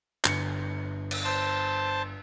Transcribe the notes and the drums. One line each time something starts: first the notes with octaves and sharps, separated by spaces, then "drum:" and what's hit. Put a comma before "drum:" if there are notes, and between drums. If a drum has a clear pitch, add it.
G1 C#7, drum: clap
drum: cymbal
C5 A5